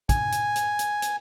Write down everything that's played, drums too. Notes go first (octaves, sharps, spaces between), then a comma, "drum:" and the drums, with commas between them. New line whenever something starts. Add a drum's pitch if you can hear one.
G#5, drum: kick, hi-hat
drum: hi-hat
drum: hi-hat
drum: hi-hat
drum: hi-hat